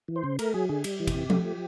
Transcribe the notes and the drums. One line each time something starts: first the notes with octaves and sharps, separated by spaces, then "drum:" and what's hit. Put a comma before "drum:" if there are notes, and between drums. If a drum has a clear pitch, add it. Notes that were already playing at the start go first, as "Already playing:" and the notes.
E3
C5
C#3
A3 A#4, drum: cymbal
F#3 G#4
D3 G#4
G3, drum: cymbal
E3
G4, drum: kick, cymbal
C3
A3, drum: tom F3
F3